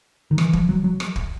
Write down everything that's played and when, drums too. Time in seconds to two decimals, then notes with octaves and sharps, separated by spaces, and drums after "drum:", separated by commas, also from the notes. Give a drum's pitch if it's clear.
0.31 D#3
0.38 E3, drum: rim click
0.53 F3, drum: kick
0.69 F#3
0.84 F#3
1.00 drum: rim click
1.16 drum: kick